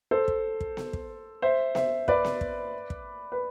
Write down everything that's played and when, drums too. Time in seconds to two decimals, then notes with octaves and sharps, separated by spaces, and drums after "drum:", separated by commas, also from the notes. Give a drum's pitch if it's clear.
0.11 A4 C5
0.28 drum: kick
0.61 drum: kick
0.77 drum: snare B3
0.93 drum: kick
1.42 C5 E5
1.75 C5 E5, drum: snare B3
2.08 B4 D5, drum: kick
2.24 drum: snare B3
2.41 drum: kick
2.90 drum: kick
3.32 B4